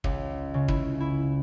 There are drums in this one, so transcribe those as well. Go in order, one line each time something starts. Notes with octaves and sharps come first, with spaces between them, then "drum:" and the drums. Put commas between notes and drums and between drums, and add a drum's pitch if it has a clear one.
C#2, drum: kick
C#3
E4, drum: kick
E4